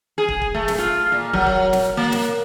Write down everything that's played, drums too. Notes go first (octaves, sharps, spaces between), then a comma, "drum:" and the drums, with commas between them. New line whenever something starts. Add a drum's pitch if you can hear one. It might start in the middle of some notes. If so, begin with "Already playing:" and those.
G#4
drum: kick
drum: kick
A3
drum: snare
F4
A#2
F#3, drum: kick
drum: kick
drum: snare
A#3
drum: snare